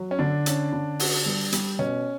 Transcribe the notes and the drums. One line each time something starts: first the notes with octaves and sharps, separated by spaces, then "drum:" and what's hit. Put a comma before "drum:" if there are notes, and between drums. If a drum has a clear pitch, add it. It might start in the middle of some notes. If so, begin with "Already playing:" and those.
Already playing: F#3
C#4
D3 D4
C#4, drum: hi-hat
D3
F#4, drum: open hi-hat
G3
G3, drum: hi-hat
B2 C#4